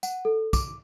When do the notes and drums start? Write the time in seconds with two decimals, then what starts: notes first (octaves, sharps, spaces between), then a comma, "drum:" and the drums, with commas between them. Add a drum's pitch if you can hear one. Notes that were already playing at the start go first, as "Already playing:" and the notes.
0.03 F#5, drum: tambourine
0.25 A4
0.53 D6, drum: kick, tambourine